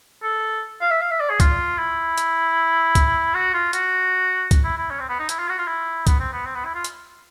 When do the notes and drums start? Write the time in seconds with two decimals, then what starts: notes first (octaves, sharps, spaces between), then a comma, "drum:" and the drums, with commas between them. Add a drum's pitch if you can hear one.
0.23 A4
0.81 F5
0.91 E5
1.01 F5
1.11 E5
1.20 D5
1.30 G#4
1.40 F4, drum: kick C2, hi-hat
1.79 E4
2.18 drum: hi-hat
2.95 drum: kick C2, hi-hat
3.34 F#4
3.54 F4
3.73 F#4, drum: hi-hat
4.51 drum: kick C2, hi-hat
4.64 E4
4.77 E4
4.90 C#4
5.00 C4
5.09 B3
5.19 D#4
5.29 E4, drum: hi-hat
5.39 F4
5.49 F#4
5.58 F4
5.67 E4
6.07 B3, drum: kick C2, hi-hat
6.20 C4
6.33 B3
6.46 C4
6.55 B3
6.65 E4
6.75 F4
6.84 drum: hi-hat